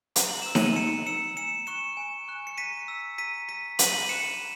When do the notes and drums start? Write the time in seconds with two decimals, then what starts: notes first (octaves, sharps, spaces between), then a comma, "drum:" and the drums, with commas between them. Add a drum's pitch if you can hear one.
0.16 A#5, drum: hi-hat
0.29 F#7
0.42 E6 E7
0.55 D#7 F#7, drum: snare D#4
0.76 A#5 C#7 E7
1.06 E6 C#7 E7
1.37 G#5 C#7 E7
1.67 C#6 F#6 C#7 E7
1.97 G#5
2.28 C#6 F#6
2.47 C#7
2.57 A#5 B6 D#7
2.88 E6
3.18 A#5 B6 D#7
3.49 E6 B6 D#7
3.79 B5 D#7 F#7, drum: hi-hat
3.94 D#7 F#7
4.09 F#6 C#7 E7
4.24 D#7 F#7
4.40 B5